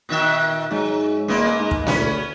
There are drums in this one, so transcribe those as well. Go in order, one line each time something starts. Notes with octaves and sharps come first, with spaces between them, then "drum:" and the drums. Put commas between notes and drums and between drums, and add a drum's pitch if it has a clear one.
A#2 D#3 E5
G#2 F#3
D#1 G#3 A#3 B3
G#2
drum: kick
D2 B3 C#4, drum: snare A3